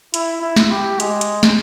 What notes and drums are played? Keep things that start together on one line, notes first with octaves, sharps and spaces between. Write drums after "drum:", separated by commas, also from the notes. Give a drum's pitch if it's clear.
E4, drum: hi-hat
E4
drum: snare
G4
G#3, drum: hi-hat
drum: hi-hat
drum: snare